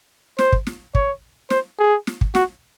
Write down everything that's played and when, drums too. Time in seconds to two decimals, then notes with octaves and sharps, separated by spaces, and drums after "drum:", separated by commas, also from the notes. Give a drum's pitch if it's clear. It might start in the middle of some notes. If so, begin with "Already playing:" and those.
0.39 C5, drum: snare
0.53 drum: kick
0.67 drum: snare
0.95 C#5, drum: kick
1.50 C5, drum: snare
1.79 G#4
2.07 drum: snare
2.21 drum: kick
2.35 F#4, drum: snare